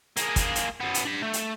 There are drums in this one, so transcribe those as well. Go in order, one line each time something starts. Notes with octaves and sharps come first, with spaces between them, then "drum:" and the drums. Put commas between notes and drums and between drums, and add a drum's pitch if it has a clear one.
A#3 G#4, drum: hi-hat
drum: kick, hi-hat
drum: hi-hat
F#2 B3
drum: hi-hat
D4 B5
A3
drum: hi-hat